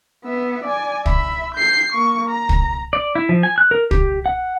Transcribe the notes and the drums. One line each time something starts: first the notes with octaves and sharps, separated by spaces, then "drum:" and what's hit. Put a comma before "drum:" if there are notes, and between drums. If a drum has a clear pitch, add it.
B3 E5
D5 G#5
E5 B5, drum: kick
G6 C7
A#3 C#6
A#5
drum: kick
D5
E4
F3
G#5
F#6
A#4
G4, drum: kick
F#5